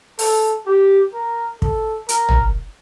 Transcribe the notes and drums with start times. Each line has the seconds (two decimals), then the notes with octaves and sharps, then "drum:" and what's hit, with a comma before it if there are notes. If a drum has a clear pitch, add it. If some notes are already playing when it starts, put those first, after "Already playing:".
0.19 A4, drum: open hi-hat
0.66 G4
1.13 A#4
1.62 A4, drum: kick
2.09 A#4, drum: hi-hat
2.29 drum: tom